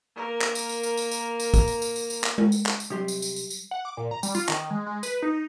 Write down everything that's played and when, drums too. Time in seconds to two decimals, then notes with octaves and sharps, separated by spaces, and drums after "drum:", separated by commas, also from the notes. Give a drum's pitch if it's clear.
0.16 A#3 A#4
0.41 drum: clap
0.55 drum: tambourine
0.69 drum: tambourine
0.83 drum: tambourine
0.97 drum: tambourine
1.11 drum: tambourine
1.40 drum: tambourine
1.54 drum: kick, tambourine
1.68 drum: tambourine
1.82 drum: tambourine
1.96 drum: tambourine
2.10 drum: tambourine
2.24 drum: clap
2.38 drum: tom G#3
2.52 drum: tambourine
2.66 drum: clap
2.80 drum: tambourine
2.90 C3 F#3 G3 G4 C6
3.08 drum: tambourine
3.22 drum: tambourine
3.36 drum: tambourine
3.50 drum: tambourine
3.71 F#5
3.85 D6
3.97 A#2
4.11 A#5
4.23 G3, drum: tambourine
4.35 F4, drum: tambourine
4.49 D#3, drum: clap
4.70 G#3
4.86 G#3
5.03 B4, drum: tambourine
5.22 D#4